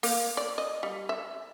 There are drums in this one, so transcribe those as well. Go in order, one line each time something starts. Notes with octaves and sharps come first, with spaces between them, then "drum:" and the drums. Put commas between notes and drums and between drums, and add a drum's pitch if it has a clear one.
A#3, drum: open hi-hat
D5
D#5
G3
E5